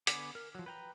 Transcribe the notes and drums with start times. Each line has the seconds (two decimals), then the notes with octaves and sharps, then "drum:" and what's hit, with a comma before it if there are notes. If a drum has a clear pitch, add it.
0.07 D3 B3 F#5 G#5 D6, drum: hi-hat
0.35 A#4
0.55 F3 F#3
0.66 B4 G5 A#5